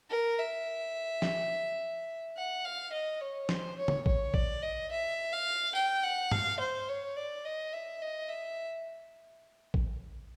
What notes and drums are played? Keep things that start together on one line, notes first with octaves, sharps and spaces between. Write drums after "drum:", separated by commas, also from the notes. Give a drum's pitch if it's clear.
A#4
E5
drum: snare
F#5
F5
D#5
C#5
C5, drum: snare
C#5
drum: tom C#3
C#5, drum: kick
D5, drum: kick
D#5
E5
F5
G5, drum: tambourine
F#5
F5, drum: tom G2
C5
C#5
D5
D#5
E5
D#5
E5
drum: kick